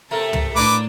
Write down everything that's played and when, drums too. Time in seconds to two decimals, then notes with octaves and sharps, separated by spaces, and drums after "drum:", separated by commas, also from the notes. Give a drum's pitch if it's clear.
0.11 C3 A3 A4 A#4
0.33 drum: tom
0.56 A2 A#3 D4 B4 D6